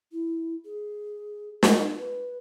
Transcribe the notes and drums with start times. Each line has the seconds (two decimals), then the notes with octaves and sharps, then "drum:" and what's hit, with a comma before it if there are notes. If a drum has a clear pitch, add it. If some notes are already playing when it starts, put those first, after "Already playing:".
0.12 E4
0.65 G#4
1.63 F4, drum: snare
1.97 B4